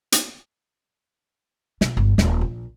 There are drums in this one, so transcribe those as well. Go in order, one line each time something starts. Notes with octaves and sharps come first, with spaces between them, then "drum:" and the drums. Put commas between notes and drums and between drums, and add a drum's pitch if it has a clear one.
drum: hi-hat
B2, drum: snare
G1
D#1, drum: snare
A#1